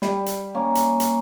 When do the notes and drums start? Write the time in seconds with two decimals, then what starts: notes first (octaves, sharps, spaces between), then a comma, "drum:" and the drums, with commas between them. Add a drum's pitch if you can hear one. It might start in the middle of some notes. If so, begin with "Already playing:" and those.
0.02 G3, drum: snare
0.26 drum: hi-hat
0.55 A#3 C#4
0.75 drum: hi-hat
1.00 drum: hi-hat